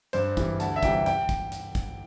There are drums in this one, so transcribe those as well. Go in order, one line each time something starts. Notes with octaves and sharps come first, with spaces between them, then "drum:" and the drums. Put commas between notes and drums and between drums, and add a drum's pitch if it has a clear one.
G2 C5, drum: hi-hat
E3 G3, drum: kick, hi-hat
D2 A5, drum: hi-hat
E5
C3 E3 G3 G5, drum: kick, hi-hat
G5, drum: hi-hat
drum: kick, hi-hat
drum: hi-hat
drum: kick, hi-hat